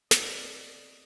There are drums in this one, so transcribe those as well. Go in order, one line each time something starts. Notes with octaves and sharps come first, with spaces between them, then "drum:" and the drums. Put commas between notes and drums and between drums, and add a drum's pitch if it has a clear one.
C4 D5 D#5, drum: snare